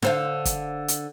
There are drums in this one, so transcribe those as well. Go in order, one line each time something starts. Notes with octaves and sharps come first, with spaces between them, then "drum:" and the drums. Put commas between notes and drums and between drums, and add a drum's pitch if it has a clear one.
D3 C5 F5, drum: snare
drum: kick, hi-hat
drum: hi-hat